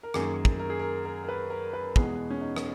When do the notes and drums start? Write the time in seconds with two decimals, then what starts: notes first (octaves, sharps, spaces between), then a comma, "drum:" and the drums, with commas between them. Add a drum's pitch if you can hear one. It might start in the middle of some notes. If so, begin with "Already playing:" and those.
0.03 A#4
0.14 F#2 D#3 A#3 G#4, drum: rim click
0.45 drum: kick
0.59 A#4
0.70 G#4
0.79 A#4
1.05 A#4
1.24 A#4
1.29 B4
1.50 A#4
1.73 B4
1.96 E2 B2 G#3 B3 G#4, drum: kick
2.30 C#4
2.41 D#4
2.56 drum: rim click